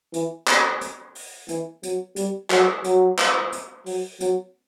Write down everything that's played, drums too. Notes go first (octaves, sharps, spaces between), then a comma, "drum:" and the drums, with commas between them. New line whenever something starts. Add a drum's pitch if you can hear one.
E3, drum: hi-hat
drum: clap
drum: hi-hat
drum: open hi-hat
E3, drum: hi-hat
F#3, drum: hi-hat
G3, drum: hi-hat
F#3, drum: clap
F#3, drum: hi-hat
drum: clap
drum: hi-hat
F#3, drum: open hi-hat
F#3, drum: hi-hat